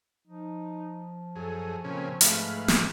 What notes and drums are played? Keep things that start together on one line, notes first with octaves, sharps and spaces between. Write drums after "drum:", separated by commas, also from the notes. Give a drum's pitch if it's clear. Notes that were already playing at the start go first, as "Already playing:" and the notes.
F3 D#4
F#2 G#4 A4
A#2 C#3 C4 C#4
G#2 A3 B4 F5, drum: hi-hat
drum: snare